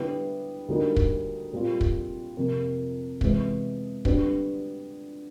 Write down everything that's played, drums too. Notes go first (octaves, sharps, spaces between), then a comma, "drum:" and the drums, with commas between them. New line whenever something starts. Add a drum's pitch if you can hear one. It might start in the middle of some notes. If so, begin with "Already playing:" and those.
Already playing: D3 G3 B3 E4 G4
D2 D3 G3 A#3 D#4
drum: kick
A#2 G3 C4 F4
drum: kick
F2 C3 F3 A#3
C3 E3 G#3 B3, drum: kick
D3 G3 B3 D4 F#4, drum: kick